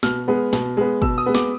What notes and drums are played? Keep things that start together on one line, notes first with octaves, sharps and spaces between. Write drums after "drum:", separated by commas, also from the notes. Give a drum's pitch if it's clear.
B2 F6, drum: snare
G#3 B3
B2, drum: snare
G#3 B3
B2 E6, drum: kick
D#6
G#3 B3
D6, drum: snare